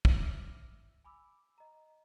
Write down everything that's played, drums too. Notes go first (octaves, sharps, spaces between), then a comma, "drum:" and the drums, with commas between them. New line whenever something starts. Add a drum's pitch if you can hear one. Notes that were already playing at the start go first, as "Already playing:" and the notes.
drum: kick
E5 D6 E6 F6 A#6
G#5 B5 D6 E6
D#5 A#5